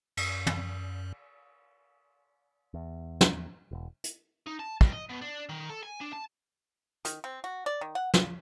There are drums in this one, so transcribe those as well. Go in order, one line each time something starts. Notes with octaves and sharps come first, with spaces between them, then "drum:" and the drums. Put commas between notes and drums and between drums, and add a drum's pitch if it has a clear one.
F#2, drum: cymbal
drum: tom
E2
drum: snare
E1
drum: hi-hat
D#4
A5
G2, drum: kick
D#5
B2
D4
D#3
A4
G#5
D4
A5
D#3, drum: hi-hat
C4
F#4
D5
D#3
F#5
F4, drum: snare